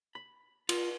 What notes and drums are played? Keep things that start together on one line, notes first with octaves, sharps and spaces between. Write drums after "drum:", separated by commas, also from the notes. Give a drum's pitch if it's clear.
B5
F4, drum: cymbal